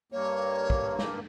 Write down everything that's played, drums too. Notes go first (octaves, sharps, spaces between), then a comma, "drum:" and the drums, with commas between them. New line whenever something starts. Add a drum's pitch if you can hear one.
G2 A#3 C#5
drum: kick
drum: snare